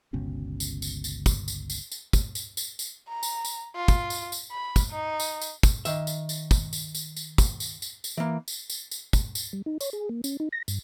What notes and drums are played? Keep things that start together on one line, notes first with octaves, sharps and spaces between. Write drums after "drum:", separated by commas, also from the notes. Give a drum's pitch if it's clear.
G1 C#2 B2 C#4
drum: tambourine
drum: tambourine
drum: tambourine
drum: kick, tambourine
drum: tambourine
drum: tambourine
drum: tambourine
drum: kick, tambourine
drum: tambourine
drum: tambourine
drum: tambourine
A#5
drum: tambourine
drum: tambourine
F4
drum: kick, tambourine
drum: tambourine
drum: tambourine
B5
drum: kick, tambourine
D#4
drum: tambourine
drum: tambourine
drum: kick, tambourine
D#3 E5, drum: tambourine
drum: tambourine
drum: tambourine
drum: kick, tambourine
drum: tambourine
drum: tambourine
drum: tambourine
drum: kick, tambourine
drum: tambourine
drum: tambourine
drum: tambourine
E3 A#3
drum: tambourine
drum: tambourine
drum: tambourine
drum: kick, tambourine
drum: tambourine
G3
D#4
C#5, drum: tambourine
G#4
A#3
C#4, drum: tambourine
D#4
A#6
G2, drum: tambourine